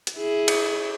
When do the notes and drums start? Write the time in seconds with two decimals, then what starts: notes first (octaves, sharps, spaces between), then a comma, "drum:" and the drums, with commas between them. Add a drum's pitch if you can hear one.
0.07 drum: hi-hat
0.16 E4 G#4
0.48 drum: cymbal